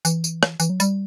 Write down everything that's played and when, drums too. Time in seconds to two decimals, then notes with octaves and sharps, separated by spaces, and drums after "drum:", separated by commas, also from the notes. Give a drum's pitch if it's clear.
0.05 E3, drum: tambourine
0.24 drum: tambourine
0.43 drum: rim click
0.60 E3, drum: tambourine
0.70 F#3
0.80 G3, drum: tambourine